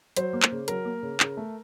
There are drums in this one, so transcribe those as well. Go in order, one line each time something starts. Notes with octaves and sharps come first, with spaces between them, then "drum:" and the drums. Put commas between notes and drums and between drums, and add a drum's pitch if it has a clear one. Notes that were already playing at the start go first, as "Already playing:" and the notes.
F#3 C5, drum: hi-hat
A#3
drum: clap
C#3
F#3 A#4, drum: hi-hat
A#3
C#3
C#3, drum: clap
A3